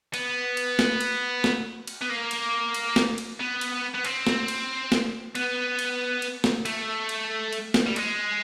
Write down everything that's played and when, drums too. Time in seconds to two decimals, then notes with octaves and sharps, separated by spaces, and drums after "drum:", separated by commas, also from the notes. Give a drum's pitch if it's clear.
0.14 B3, drum: cymbal
0.57 drum: cymbal
0.79 drum: snare
1.01 drum: cymbal
1.44 drum: snare
1.87 drum: cymbal
2.01 B3
2.10 A#3
2.31 drum: cymbal
2.74 drum: cymbal
2.96 drum: snare
3.18 drum: cymbal
3.40 B3
3.61 drum: cymbal
3.94 B3
4.05 C4, drum: cymbal
4.27 drum: snare
4.48 drum: cymbal
4.92 drum: snare
5.35 B3, drum: cymbal
5.79 drum: cymbal
6.22 drum: cymbal
6.44 drum: snare
6.65 A3, drum: cymbal
7.09 drum: cymbal
7.53 drum: cymbal
7.74 drum: snare
7.86 G3
7.96 G#3, drum: cymbal